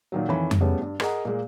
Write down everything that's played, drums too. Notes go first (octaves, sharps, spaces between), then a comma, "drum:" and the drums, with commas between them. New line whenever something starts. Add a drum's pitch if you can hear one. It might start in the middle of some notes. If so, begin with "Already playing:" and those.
A#2 D#3 F#3
F2 D#3 E3 C#5 G#5 B5
drum: tom F2
C#3 G3 A3 B3 C#4
G2
G#4 A#4 D#5 F#5 A#5, drum: rim click
A#2 G#3 A#3